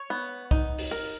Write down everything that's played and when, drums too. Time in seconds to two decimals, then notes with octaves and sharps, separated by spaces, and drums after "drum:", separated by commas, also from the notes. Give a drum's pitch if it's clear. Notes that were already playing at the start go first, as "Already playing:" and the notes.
Already playing: C#5
0.10 B3
0.51 D#4, drum: kick
0.78 drum: open hi-hat
0.91 A#4